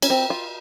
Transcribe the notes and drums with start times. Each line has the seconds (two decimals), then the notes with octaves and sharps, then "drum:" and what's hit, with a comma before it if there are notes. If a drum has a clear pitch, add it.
0.02 C#4, drum: cymbal
0.10 C4
0.30 F4